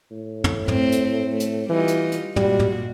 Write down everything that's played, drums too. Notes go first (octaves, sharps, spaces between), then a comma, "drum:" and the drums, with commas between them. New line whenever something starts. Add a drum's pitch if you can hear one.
A2
drum: tom
A3 C4, drum: tom
drum: hi-hat
A3
drum: hi-hat
E3 G3 D#4 F4
drum: hi-hat
drum: hi-hat
A#2 G3 G#3 F#4, drum: tom
drum: tom